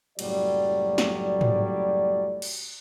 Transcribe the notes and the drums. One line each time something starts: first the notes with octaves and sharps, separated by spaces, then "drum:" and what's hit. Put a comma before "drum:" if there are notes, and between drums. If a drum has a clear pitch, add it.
F#1 A2 F#3 G3 D5, drum: cymbal
drum: snare
drum: tom G#2
drum: cymbal